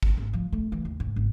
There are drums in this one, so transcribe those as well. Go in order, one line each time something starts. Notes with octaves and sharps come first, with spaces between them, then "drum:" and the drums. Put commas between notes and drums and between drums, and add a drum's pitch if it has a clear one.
drum: kick G#1
G#1
F3
A3
E3
D#2
G#2
G#1